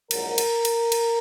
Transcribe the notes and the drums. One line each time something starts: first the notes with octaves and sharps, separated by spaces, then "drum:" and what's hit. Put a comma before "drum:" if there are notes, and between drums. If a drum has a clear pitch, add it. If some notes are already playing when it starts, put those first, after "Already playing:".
A#1 G#2 F#3 A#4, drum: cymbal
drum: cymbal
drum: cymbal
drum: cymbal